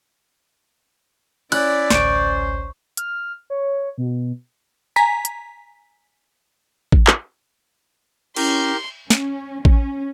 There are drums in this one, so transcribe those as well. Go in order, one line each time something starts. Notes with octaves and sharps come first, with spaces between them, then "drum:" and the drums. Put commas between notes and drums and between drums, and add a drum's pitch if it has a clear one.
C#4 E4 D5 F#6, drum: cymbal
A1 D2 C#4 C5 C#6 D7, drum: snare
F6, drum: hi-hat
C#5
B2
G#5 A#5 B6
drum: hi-hat
drum: kick A1
drum: clap
C#4 E4 G4 A#4 C6, drum: cymbal
C#4, drum: snare
C#4, drum: kick A1